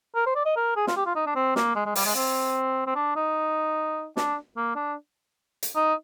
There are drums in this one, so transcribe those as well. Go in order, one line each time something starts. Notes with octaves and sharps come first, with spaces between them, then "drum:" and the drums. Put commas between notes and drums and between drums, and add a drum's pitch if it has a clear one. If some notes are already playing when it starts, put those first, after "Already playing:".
A#4
C5
D5
D#5
A#4
G#4
F4, drum: snare
G4
F4
D#4
D4
C4
A#3, drum: snare
G#3
G#3
G3, drum: open hi-hat
G#3
C4
C4
D4
D#4
D4, drum: snare
A#3
D4
drum: hi-hat
D#4